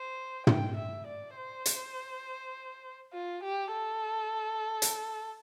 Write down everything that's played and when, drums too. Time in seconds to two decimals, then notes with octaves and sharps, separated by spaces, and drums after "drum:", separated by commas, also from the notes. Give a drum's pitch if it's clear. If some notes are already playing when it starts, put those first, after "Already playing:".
Already playing: C5
0.47 G5, drum: tom
0.76 E5
1.07 D5
1.36 C5
1.66 drum: hi-hat
3.13 F4
3.43 G4
3.73 A4
4.82 drum: hi-hat